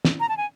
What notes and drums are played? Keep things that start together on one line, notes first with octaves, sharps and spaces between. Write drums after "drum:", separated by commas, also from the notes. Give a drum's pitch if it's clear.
drum: snare
A#5
A5
G#5